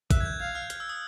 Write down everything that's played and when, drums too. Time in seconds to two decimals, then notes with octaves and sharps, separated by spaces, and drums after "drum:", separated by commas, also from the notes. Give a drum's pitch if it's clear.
0.11 E5 F#6, drum: kick, hi-hat
0.20 G#6
0.25 G6
0.40 F5 G#6
0.55 F6
0.70 F6, drum: hi-hat
0.80 E6
0.89 D#6